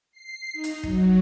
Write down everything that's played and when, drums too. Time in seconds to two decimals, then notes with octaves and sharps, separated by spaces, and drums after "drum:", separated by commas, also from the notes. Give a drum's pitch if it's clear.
0.12 C7
0.53 D#4
0.64 drum: hi-hat
0.83 F#3, drum: kick